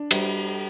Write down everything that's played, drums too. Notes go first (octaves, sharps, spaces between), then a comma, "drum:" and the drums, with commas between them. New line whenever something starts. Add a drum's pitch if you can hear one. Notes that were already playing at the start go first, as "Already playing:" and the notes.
Already playing: D4
G3, drum: cymbal